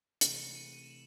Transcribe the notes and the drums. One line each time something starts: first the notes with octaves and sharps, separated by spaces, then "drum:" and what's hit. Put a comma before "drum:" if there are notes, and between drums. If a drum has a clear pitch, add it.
C3 E3 A3 D#7, drum: hi-hat
C#7
D#7
D#7
E7
F#7